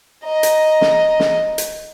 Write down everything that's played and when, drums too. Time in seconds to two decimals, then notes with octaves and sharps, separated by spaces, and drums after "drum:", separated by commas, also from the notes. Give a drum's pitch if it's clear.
0.24 D#5 A#5
0.43 drum: hi-hat
0.81 drum: snare
1.20 drum: snare
1.58 drum: hi-hat